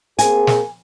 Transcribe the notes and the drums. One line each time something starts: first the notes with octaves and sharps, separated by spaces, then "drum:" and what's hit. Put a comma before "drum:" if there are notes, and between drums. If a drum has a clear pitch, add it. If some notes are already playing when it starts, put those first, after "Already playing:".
A#3 C4 G#4 G#5, drum: hi-hat
drum: snare